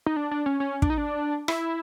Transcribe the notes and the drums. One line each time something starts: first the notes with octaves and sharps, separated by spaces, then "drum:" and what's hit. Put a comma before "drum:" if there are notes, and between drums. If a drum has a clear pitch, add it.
D#4
D4
D4
C#4
C#4
D4, drum: kick
D#4
D4
E4, drum: rim click